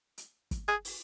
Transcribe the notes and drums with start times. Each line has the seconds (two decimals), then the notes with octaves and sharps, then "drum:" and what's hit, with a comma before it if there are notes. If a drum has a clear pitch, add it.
0.18 drum: hi-hat
0.51 drum: kick, hi-hat
0.68 G#4
0.85 drum: open hi-hat